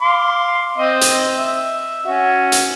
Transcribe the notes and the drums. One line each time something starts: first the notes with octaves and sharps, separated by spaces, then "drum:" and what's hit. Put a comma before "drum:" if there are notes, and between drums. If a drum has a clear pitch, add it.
F5 C6 D6
C4 D#5
drum: hi-hat
E5
C#4 F#4
drum: hi-hat